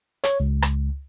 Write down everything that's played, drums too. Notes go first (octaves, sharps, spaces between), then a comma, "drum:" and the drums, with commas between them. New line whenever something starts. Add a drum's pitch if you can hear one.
C#5, drum: hi-hat
C#2
drum: rim click